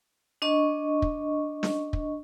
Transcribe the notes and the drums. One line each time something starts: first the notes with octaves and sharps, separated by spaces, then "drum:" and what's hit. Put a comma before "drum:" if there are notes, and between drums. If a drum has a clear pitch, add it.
D4 D#5 C#6
drum: kick
drum: snare
drum: kick